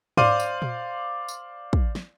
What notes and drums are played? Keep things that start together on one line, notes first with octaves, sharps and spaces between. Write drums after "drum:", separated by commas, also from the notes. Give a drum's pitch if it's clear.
C5 D5 F5 C6 D6 D#7, drum: tom G#2
drum: tambourine
drum: tom A#2
drum: tambourine
drum: kick
drum: snare